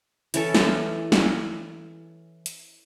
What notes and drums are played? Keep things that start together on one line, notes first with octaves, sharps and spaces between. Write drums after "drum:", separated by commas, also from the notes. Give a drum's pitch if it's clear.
E3 C#4 A4, drum: hi-hat
drum: snare
drum: snare
drum: hi-hat